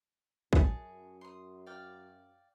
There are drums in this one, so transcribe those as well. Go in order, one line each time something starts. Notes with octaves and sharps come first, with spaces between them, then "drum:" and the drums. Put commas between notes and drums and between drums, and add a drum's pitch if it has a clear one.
F#2 F#4 G#4 A5, drum: kick
C6 D#6
D5 F5 G5